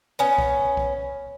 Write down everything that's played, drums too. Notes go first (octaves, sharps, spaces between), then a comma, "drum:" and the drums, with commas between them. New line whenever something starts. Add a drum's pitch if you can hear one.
B3 C#4
drum: kick B1
drum: kick B1